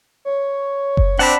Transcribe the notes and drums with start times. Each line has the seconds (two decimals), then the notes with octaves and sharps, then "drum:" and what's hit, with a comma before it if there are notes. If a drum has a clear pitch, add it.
0.25 C#5
0.97 drum: kick F#1
1.19 C4 D4 D5 F#5 A5 B5